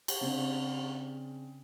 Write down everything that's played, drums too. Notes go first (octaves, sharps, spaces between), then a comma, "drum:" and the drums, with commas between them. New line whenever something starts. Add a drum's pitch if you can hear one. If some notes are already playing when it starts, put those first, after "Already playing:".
drum: cymbal
C#3 C4 D4